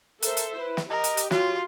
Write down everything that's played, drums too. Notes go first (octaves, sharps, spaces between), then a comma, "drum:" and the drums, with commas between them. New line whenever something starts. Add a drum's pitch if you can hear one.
A4 A#4 C5 E5, drum: hi-hat
drum: hi-hat
E4 B4
drum: snare
G4 A#4 D#5
drum: hi-hat
drum: hi-hat
F4 F#4 C#5, drum: snare